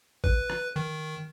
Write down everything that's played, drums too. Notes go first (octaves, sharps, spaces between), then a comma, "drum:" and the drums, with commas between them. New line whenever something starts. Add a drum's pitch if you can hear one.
B4, drum: kick G#1
drum: rim click
D#3